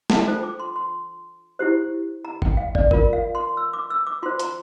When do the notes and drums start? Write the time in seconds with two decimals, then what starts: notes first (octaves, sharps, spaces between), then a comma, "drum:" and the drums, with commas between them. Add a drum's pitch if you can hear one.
0.10 A5, drum: snare
0.26 D4 F4 A4 C5 G5
0.43 D6
0.59 C6
0.76 C6
1.59 E4 G4 C5
2.25 A#5
2.42 G5, drum: kick
2.57 F5
2.75 D5, drum: kick
2.91 F4 A#4, drum: kick
3.13 F5
3.35 C6
3.57 E6
3.73 D6
3.90 E6
4.07 D6
4.23 F4 C5 C6
4.39 A#5, drum: hi-hat